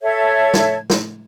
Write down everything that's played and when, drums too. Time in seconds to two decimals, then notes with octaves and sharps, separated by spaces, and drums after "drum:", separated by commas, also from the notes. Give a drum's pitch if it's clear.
0.01 A4 C#5 E5 G#6
0.54 drum: snare
0.90 drum: snare